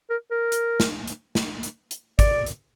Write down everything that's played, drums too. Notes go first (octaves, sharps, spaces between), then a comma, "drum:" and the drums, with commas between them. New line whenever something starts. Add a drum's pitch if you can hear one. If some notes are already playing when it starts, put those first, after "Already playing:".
A#4
A#4
drum: hi-hat
drum: snare
drum: hi-hat
drum: snare
drum: hi-hat
drum: hi-hat
D5, drum: kick, hi-hat
drum: hi-hat